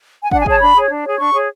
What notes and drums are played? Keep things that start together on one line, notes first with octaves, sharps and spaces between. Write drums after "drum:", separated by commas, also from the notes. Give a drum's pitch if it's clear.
G#5
D4 F#5, drum: kick
G#5
G#4 C#5 A5, drum: kick
D4 B5
G#4 C#5
D4
G#4 C#5
D4 C#6
G#4 C#5